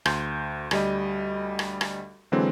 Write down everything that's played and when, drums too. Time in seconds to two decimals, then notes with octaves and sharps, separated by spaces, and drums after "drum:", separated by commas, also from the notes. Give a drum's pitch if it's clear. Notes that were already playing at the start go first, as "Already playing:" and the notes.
0.05 D2 C6 G6, drum: rim click
0.71 D2 G3 D#5, drum: rim click
1.59 drum: rim click
1.81 drum: rim click
2.32 D3 E3 F#3 G#3 C4